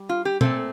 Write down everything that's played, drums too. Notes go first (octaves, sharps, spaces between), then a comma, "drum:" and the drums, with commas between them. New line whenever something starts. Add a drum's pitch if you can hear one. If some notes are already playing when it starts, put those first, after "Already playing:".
Already playing: G3
F4
G4
A#2 A3 C4 A4, drum: tom B2